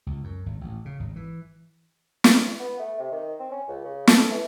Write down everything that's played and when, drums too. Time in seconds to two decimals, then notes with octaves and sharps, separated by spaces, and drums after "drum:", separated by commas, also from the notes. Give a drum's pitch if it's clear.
0.07 C#2
0.24 F#2
0.46 G#1
0.61 A1
0.85 C#3
1.00 G#1
1.16 E3
2.24 drum: snare
2.60 B3
2.79 A3
2.99 C3
3.12 D#3
3.39 C4
3.51 C#4
3.68 C#2
3.84 C#3
4.07 A4, drum: snare
4.31 E3